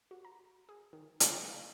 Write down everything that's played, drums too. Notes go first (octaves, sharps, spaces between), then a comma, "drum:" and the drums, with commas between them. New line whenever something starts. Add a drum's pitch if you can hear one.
F#4
A#5
G#4
D#3
C#3, drum: hi-hat
F5